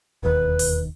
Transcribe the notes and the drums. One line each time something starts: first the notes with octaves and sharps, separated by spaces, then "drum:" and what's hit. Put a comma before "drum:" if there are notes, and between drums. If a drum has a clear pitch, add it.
E1 D#2 D#3 B4
drum: open hi-hat